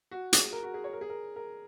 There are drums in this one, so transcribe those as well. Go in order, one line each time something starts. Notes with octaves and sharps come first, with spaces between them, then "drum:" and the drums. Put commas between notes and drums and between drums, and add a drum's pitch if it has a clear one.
F#4
G#4, drum: hi-hat
A#4
F#4
G#4
C#5
A#4
G#4
A#4
A#4